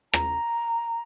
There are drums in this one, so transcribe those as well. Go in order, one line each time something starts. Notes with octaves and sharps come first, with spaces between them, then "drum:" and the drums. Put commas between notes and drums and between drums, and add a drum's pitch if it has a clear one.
A#5, drum: rim click